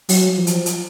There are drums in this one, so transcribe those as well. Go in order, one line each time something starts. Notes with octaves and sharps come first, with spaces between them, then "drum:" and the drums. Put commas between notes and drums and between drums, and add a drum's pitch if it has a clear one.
F#3, drum: open hi-hat
F3
drum: hi-hat
drum: hi-hat